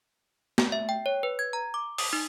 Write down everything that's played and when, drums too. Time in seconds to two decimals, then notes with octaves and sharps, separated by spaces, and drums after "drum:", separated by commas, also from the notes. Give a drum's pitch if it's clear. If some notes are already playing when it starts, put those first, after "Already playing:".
0.58 A3, drum: snare
0.72 E5
0.89 G5
1.06 C#5
1.23 B4
1.39 G#6
1.53 A#5
1.74 D6
1.98 D#6, drum: open hi-hat
2.13 D#4